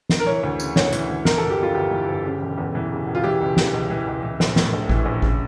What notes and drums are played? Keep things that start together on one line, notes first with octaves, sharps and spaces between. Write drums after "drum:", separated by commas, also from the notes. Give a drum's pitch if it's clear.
drum: snare
A#4
E3 C#5
D2
C#3, drum: tambourine
D2 C#5, drum: snare
E3, drum: hi-hat
D2
E3 A#4, drum: snare
G1 A4
G4
F2 F4
G1 G4
E3
G1
C#3
E1
E2
E3
C#3
E1
F4
E3 G4
C#2
C#3, drum: snare
C#2
E3
C#2
E3
A#1, drum: snare
A2, drum: snare
A#1
E3, drum: kick A1
A#1
C#3, drum: kick A1